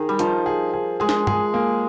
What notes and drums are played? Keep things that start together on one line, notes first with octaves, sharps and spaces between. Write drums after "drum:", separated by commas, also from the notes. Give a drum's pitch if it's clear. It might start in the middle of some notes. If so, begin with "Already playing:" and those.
Already playing: D#3 G#4
G3
F3 D#4, drum: hi-hat
G#4
G#4
G#3 G#4
drum: snare D4
G#4, drum: tom
A#3